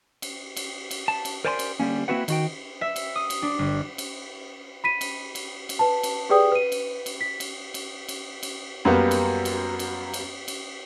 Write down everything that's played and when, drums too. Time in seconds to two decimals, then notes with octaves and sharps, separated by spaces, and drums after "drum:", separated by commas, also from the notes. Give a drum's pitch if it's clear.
0.22 drum: cymbal
0.57 drum: cymbal
0.91 drum: cymbal
1.08 A5
1.25 drum: cymbal
1.45 A#4 C5 D5 G#5 A5 C6
1.59 drum: cymbal
1.80 D3 G3 A#3 C#4
2.08 A#3 C4 E4 F#4 B4 F#5
2.28 D#3 F#4 G5, drum: cymbal
2.81 E5
2.96 drum: cymbal
3.15 D#6
3.30 drum: cymbal
3.42 D4
3.59 G1
3.98 drum: cymbal
4.84 B5 B6 D#7
5.01 drum: cymbal
5.35 drum: cymbal
5.69 drum: cymbal
5.79 B4 A5
6.03 drum: cymbal
6.29 G4 G#4 B4 D5 G5 D#6
6.52 B4 D#7
6.72 drum: cymbal
7.06 drum: cymbal
7.21 B6
7.40 drum: cymbal
7.74 drum: cymbal
8.08 drum: cymbal
8.43 drum: cymbal
8.85 F#2 G3 A#3 B3
9.11 drum: cymbal
9.45 drum: cymbal
9.79 drum: cymbal
10.14 drum: cymbal
10.48 drum: cymbal